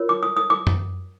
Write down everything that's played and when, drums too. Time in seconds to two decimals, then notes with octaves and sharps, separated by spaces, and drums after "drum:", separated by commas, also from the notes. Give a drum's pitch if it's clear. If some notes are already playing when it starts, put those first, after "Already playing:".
Already playing: F4 A#4 C#5
0.09 D6
0.23 D#6
0.37 D#6
0.50 D6
0.67 drum: tom F#2